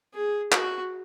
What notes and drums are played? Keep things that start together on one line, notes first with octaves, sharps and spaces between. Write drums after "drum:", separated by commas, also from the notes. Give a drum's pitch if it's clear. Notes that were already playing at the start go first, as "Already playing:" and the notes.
G#4
F#4, drum: clap